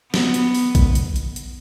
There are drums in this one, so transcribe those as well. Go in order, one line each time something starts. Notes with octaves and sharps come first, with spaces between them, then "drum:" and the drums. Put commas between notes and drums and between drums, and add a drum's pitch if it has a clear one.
B3, drum: snare
drum: hi-hat
drum: open hi-hat
drum: kick A#1, hi-hat
drum: hi-hat
drum: hi-hat
drum: hi-hat